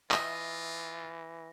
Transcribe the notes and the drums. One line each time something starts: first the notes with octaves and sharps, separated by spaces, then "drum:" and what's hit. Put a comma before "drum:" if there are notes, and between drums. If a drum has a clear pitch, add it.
E3 F4 D#5 E5 A#6, drum: clap